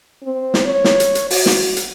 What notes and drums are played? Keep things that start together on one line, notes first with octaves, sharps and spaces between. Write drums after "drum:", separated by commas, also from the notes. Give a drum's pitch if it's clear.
C4
drum: snare
C#5
drum: snare
drum: hi-hat
drum: hi-hat
F#4, drum: open hi-hat
drum: snare
drum: hi-hat